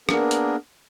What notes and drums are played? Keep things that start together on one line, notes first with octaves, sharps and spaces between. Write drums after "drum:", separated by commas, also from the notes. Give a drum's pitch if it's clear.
A#3 B3 D4 G#4 A#4, drum: rim click
drum: hi-hat